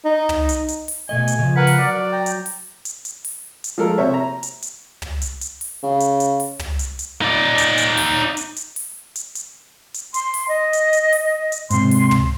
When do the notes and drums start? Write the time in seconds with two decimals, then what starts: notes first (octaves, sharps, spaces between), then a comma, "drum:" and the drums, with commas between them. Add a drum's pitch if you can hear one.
0.05 D#4
0.29 drum: tom
0.49 drum: hi-hat
0.68 drum: hi-hat
0.88 drum: open hi-hat
1.09 B2 A3 D#5 G#5
1.28 drum: hi-hat
1.39 C#3 F3
1.56 A#4 B4 F#5
1.67 drum: open hi-hat
1.79 F#3 D5
2.12 G5 A#5
2.26 drum: hi-hat
2.46 drum: open hi-hat
2.85 drum: hi-hat
3.05 drum: hi-hat
3.25 drum: open hi-hat
3.64 drum: hi-hat
3.78 F3 G#3 A3 A4 A#4
3.98 C3 C5 C#5 E5
4.14 A#5
4.43 drum: hi-hat
4.62 drum: hi-hat
5.02 drum: tom
5.22 drum: hi-hat
5.41 drum: hi-hat
5.61 drum: open hi-hat
5.83 C#3
6.00 drum: hi-hat
6.20 drum: hi-hat
6.40 drum: open hi-hat
6.59 drum: tom
6.79 drum: hi-hat
6.99 drum: hi-hat
7.22 D#4 D5
7.58 drum: hi-hat
7.78 drum: hi-hat
7.97 drum: open hi-hat
8.37 drum: hi-hat
8.56 drum: hi-hat
8.76 drum: open hi-hat
9.16 drum: hi-hat
9.35 drum: hi-hat
9.94 drum: hi-hat
10.14 C6, drum: hi-hat
10.34 drum: open hi-hat
10.49 D#5
10.73 drum: hi-hat
10.93 drum: hi-hat
11.13 drum: open hi-hat
11.52 drum: hi-hat
11.70 G#2 C3 C6, drum: hi-hat
11.91 drum: open hi-hat
12.11 drum: tom